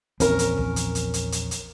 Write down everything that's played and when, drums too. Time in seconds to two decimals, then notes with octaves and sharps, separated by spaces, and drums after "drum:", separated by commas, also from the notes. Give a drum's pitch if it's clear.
0.20 A#1 E2 C4 C#4 A#4, drum: hi-hat
0.39 drum: hi-hat
0.57 drum: kick
0.76 drum: hi-hat
0.95 drum: hi-hat
1.14 drum: hi-hat
1.32 drum: hi-hat
1.51 drum: hi-hat